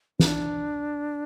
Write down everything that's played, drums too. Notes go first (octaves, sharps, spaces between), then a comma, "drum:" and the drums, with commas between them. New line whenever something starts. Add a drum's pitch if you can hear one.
D4, drum: snare